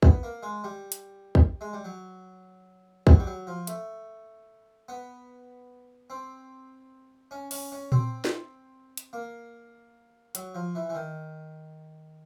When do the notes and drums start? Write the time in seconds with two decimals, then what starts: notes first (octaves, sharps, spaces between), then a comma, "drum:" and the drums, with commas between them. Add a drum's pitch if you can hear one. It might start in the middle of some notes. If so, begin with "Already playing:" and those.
0.03 B3, drum: kick
0.23 A#3
0.43 G#3
0.64 G3
0.92 drum: hi-hat
1.35 drum: kick
1.61 G#3
1.73 G3
1.84 F#3
3.07 F#3, drum: kick
3.20 G3
3.27 F#3
3.47 F3
3.67 A3, drum: hi-hat
4.88 B3
6.10 C4
7.31 C#4
7.51 C#4, drum: open hi-hat
7.72 C#4
7.92 C4, drum: tom A#2
8.25 drum: snare
8.97 drum: hi-hat
9.13 A#3
10.35 F#3, drum: hi-hat
10.55 F3
10.75 E3
10.89 E3
10.95 D#3